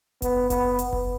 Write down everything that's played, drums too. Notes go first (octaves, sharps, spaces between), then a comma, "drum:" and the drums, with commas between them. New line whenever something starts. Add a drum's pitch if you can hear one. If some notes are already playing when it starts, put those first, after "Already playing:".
B3, drum: kick F#1, hi-hat
B3, drum: kick F#1, hi-hat
drum: hi-hat
drum: kick F#1